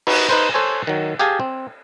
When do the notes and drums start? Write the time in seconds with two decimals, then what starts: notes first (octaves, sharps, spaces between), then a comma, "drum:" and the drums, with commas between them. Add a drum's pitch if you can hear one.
0.07 D#4 F#4 B4, drum: cymbal
0.29 D#4 B4 C5
0.54 A4 C5 C#5 G#5
0.87 D#3 F#3
1.19 G4 G#4 F5 G#5 A5
1.40 C4